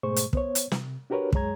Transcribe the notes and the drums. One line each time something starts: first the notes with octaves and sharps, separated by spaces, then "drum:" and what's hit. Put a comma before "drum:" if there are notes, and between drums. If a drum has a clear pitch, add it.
G#2 B2 A3 G#4 C5 C#6
drum: hi-hat
B3 C5 C#5, drum: kick
drum: hi-hat
C3, drum: snare
D4 F#4 G4 A#4 B4 C#5
F#2 G#3 G#4 C#5 A#5 G#6, drum: kick